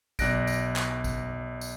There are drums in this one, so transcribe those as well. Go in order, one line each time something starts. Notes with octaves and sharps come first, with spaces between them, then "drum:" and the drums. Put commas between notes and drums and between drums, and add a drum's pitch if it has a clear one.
B1 D5 F#6 A#6 D7, drum: kick G#1, tambourine
drum: tambourine
drum: clap
drum: kick G#1, tambourine
drum: tambourine